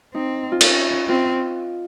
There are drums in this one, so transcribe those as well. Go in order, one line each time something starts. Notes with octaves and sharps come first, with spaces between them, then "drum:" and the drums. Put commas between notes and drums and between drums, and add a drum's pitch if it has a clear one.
C4 D#4
F4
C#4 D#4, drum: cymbal
C4 F4